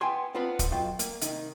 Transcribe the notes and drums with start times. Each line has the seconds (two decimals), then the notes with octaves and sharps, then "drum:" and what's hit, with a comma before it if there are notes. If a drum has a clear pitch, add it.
0.01 B3 E4 G5 G#5 C6
0.35 B3 C4 D4 F4 B4
0.59 drum: kick, hi-hat
0.71 B1 G2 F#3 F4 G5
0.99 A#3, drum: hi-hat
1.21 C2 D#3 D#4, drum: hi-hat